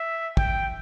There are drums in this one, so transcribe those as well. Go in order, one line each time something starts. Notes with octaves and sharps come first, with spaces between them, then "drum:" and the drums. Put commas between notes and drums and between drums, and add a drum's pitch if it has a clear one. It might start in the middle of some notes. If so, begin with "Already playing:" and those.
Already playing: E5
G5, drum: kick